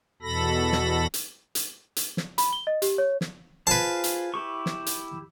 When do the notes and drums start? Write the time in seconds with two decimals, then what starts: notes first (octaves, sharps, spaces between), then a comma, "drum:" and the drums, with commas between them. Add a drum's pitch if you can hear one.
0.22 E2 B2 A4 B5 A#6
0.72 drum: snare
1.14 drum: hi-hat
1.55 drum: hi-hat
1.96 drum: hi-hat
2.17 drum: snare
2.38 B5, drum: hi-hat
2.53 G7
2.67 D#5
2.82 G4, drum: hi-hat
2.98 C#5
3.21 drum: snare
3.67 F4 G#4 B4 C5 A5
4.04 drum: hi-hat
4.34 E4 G4 C#6
4.66 drum: snare
4.86 drum: hi-hat